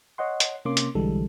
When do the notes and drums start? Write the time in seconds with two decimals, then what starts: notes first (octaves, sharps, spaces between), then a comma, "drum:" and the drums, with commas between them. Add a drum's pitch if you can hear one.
0.18 C#5 D#5 F#5 C6
0.40 drum: hi-hat
0.65 C3 A#3 C#4 C6 D6
0.77 drum: hi-hat
0.95 B1 D3 E3 G3 G#3 A4